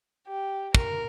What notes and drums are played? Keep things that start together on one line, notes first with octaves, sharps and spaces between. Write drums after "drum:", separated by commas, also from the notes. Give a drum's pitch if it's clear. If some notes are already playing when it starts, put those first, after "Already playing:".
G4
A#4, drum: kick